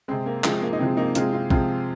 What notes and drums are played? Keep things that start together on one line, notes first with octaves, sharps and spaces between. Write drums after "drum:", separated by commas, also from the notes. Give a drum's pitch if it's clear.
C3 G#3 C4
A#3
C3 F3 G#3 C4, drum: clap
A#3
D#4
C3 F3 G#3 C4
A#3 D#4
C3 G#3 C4 F4, drum: hi-hat
C4 F4
C3 F3 G#3 C4 F4, drum: kick B1